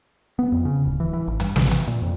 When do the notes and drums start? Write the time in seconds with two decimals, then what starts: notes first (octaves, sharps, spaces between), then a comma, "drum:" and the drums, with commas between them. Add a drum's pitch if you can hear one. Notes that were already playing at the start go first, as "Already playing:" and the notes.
0.39 B3
0.52 F2
0.65 C#3
0.85 D1
1.00 E3
1.13 E3
1.27 G#1
1.40 G2, drum: hi-hat
1.56 A1, drum: snare
1.71 E3, drum: hi-hat
1.87 A#2
2.02 F2